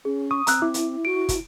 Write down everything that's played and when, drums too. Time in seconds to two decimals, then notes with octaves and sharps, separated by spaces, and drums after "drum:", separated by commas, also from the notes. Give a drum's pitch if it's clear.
0.05 C#4 G#4
0.31 C#6 D#6
0.47 C4 A#5 E6 F#6, drum: hi-hat
0.62 E4 D6
0.74 drum: hi-hat
1.05 F#4 D7
1.29 drum: kick, hi-hat